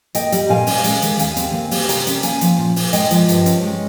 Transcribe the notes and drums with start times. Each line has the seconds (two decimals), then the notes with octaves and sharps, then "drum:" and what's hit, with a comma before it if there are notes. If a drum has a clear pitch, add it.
0.15 A#3 D#5 G5, drum: hi-hat
0.32 G3, drum: hi-hat
0.49 A#2 F5 G#5
0.67 C#4, drum: open hi-hat
0.84 G#3, drum: hi-hat
1.02 D#3, drum: hi-hat
1.19 D#2 F5 G#5, drum: hi-hat
1.37 C4, drum: hi-hat
1.53 A#3
1.71 G3, drum: open hi-hat
1.89 C3 G5 A#5, drum: hi-hat
2.07 C#4, drum: hi-hat
2.23 A#3 F5 G#5, drum: hi-hat
2.41 F3, drum: hi-hat
2.58 A#2
2.76 A#2, drum: open hi-hat
2.93 G#3 D#5 G5, drum: hi-hat
3.11 F3, drum: hi-hat
3.29 G2, drum: hi-hat
3.46 C#4, drum: hi-hat
3.62 G#3